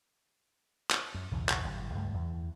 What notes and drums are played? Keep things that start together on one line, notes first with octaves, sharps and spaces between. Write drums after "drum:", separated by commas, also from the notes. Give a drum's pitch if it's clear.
drum: clap
F#2
B1 E2 A2 C#3
drum: clap
G1 A2 F#3
C#2 G2 A3
E2